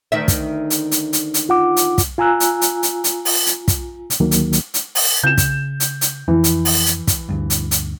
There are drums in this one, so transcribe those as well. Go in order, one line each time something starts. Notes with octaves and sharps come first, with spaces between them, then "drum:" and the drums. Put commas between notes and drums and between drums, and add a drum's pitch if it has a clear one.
D2 D#3 E5
drum: kick, hi-hat
drum: hi-hat
drum: hi-hat
drum: hi-hat
drum: hi-hat
F4 F#5 D6
drum: hi-hat
drum: kick, hi-hat
F4 G#5 A#5 E6 F#6
drum: hi-hat
drum: hi-hat
drum: hi-hat
drum: hi-hat
drum: open hi-hat
drum: hi-hat
drum: kick, hi-hat
drum: hi-hat
D2 D#3 F#3 A#3
drum: hi-hat
drum: hi-hat
drum: hi-hat
drum: open hi-hat
C#3 G6 E7
drum: kick, hi-hat
drum: hi-hat
drum: hi-hat
F2 E3
drum: hi-hat
drum: open hi-hat
drum: hi-hat
drum: kick, hi-hat
D2 G2
drum: hi-hat
drum: hi-hat